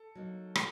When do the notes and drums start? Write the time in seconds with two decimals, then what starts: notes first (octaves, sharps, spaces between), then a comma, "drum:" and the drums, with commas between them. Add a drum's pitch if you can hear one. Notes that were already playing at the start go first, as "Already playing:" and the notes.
Already playing: A4
0.15 F#3 A#3 D#4
0.55 D4, drum: rim click